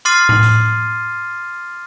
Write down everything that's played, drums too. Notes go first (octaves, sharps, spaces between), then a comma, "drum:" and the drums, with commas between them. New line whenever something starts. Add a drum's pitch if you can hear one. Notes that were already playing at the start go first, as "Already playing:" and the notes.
C6 D6 F6 A6 C7 D#7
drum: tom A2
drum: hi-hat